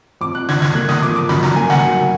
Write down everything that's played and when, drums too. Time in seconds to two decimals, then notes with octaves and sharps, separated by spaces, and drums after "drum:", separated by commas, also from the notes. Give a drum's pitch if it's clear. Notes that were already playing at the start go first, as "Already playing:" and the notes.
0.21 F2 D6
0.35 F#6
0.48 D4 G#6, drum: snare
0.62 G#6, drum: snare
0.75 A#3 F#6
0.89 D#6, drum: snare
1.02 F3 D6
1.16 D6
1.29 F#2 B5, drum: snare
1.43 A#5, drum: snare
1.56 A#3 G#5
1.70 F#5, drum: snare
1.83 F#3